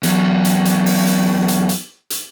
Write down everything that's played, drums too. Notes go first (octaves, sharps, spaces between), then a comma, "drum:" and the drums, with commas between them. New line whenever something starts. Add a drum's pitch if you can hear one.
E2 F#3, drum: hi-hat
drum: hi-hat
drum: hi-hat
drum: open hi-hat
drum: hi-hat
drum: hi-hat
drum: hi-hat
drum: hi-hat